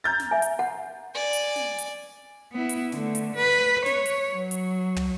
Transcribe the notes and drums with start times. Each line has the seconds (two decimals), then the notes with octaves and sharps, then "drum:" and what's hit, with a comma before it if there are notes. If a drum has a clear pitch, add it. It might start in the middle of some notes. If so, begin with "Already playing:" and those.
0.04 A#5 G6 A6
0.19 drum: snare
0.31 E5 G#5
0.42 drum: hi-hat
0.59 F#5
1.15 D5 G#5
1.33 drum: hi-hat
1.56 drum: snare
1.78 drum: hi-hat
2.53 B3 E4
2.69 drum: hi-hat
2.92 D3 A3, drum: snare
3.15 drum: hi-hat
3.35 B4
3.86 C#5, drum: snare
4.06 drum: hi-hat
4.32 F#3
4.51 drum: hi-hat
4.96 drum: tom